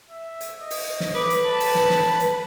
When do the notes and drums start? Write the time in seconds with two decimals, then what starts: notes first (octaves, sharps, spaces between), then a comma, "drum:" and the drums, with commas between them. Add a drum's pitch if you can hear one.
0.11 E5
0.41 drum: hi-hat
0.61 D#5
0.70 drum: open hi-hat
1.00 drum: snare
1.15 B4 D6
1.30 drum: hi-hat
1.46 A5
1.60 drum: open hi-hat
1.75 drum: snare
1.90 drum: snare
2.20 drum: hi-hat